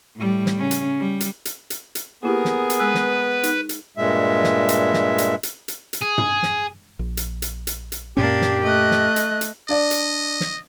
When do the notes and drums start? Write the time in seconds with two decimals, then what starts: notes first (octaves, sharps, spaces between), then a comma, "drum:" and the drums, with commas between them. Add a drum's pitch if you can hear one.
0.17 A2 G3
0.46 drum: snare
0.58 C#3 C#4
0.71 drum: hi-hat
1.00 G3
1.21 drum: hi-hat
1.45 drum: hi-hat
1.70 drum: hi-hat
1.95 drum: hi-hat
2.23 A#3 B3 E4 G4 G#4 A#4
2.45 drum: snare
2.70 drum: hi-hat
2.79 G#3 B4 G#5 E6
2.95 drum: snare
3.43 D#4, drum: hi-hat
3.69 drum: hi-hat
3.97 G2 A#2 G#3 E5
4.44 drum: snare
4.69 drum: hi-hat
4.93 drum: snare
5.18 drum: hi-hat
5.43 drum: hi-hat
5.68 drum: hi-hat
5.93 drum: hi-hat
6.02 G#4
6.18 drum: tom
6.43 drum: snare
6.99 A#1
7.17 drum: hi-hat
7.42 drum: hi-hat
7.67 drum: hi-hat
7.92 drum: hi-hat
8.17 F#2 A#2 A#3 C#4 D4 G4
8.42 drum: snare
8.63 A3 D#5 F#6
8.91 drum: snare
9.16 drum: hi-hat
9.41 drum: hi-hat
9.69 D4 D5 D#5
9.91 drum: hi-hat
10.40 drum: snare